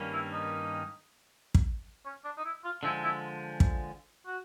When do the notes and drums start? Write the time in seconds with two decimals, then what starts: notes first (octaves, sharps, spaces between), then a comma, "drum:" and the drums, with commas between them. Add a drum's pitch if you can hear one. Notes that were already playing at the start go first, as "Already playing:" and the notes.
Already playing: G2 D#3 G3 A#3 C#4
0.13 E4
0.32 D#4
1.55 drum: kick
2.05 C#4
2.25 D4
2.37 D#4
2.45 E4
2.64 F4
2.83 D3 F3 G#3 E4
3.03 E4
3.60 drum: kick
4.26 F#4